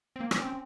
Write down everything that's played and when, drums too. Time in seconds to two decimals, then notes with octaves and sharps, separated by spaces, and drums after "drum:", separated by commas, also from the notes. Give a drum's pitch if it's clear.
0.16 C4
0.20 A#3
0.31 C#4, drum: rim click
0.42 C4